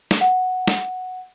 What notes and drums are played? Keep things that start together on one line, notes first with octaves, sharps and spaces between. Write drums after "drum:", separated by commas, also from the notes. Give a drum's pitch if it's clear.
drum: snare
F#5
drum: snare